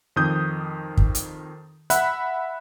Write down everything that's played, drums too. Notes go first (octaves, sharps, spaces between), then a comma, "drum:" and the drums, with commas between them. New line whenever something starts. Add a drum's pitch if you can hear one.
F2 D#3 D#6 G6
drum: kick
drum: hi-hat
E5 F#5 B5 F#6, drum: hi-hat